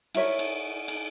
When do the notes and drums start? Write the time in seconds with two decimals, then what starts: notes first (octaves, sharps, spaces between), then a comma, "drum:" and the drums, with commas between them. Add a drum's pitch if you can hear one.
0.15 E4 A#4 C#5 E5, drum: cymbal
0.39 drum: cymbal
0.88 drum: cymbal